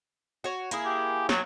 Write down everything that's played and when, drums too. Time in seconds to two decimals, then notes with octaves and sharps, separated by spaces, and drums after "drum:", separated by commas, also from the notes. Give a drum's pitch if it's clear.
0.44 F#4 C#5
0.71 A#3 E4 G#4, drum: hi-hat
0.86 G4
1.29 F#3 C#5, drum: snare